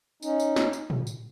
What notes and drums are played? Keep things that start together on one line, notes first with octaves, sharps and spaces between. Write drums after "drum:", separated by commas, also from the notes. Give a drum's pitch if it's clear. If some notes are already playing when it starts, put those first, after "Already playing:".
C#4 D#4, drum: tambourine
drum: tambourine
drum: snare
drum: tambourine
drum: tom
drum: tambourine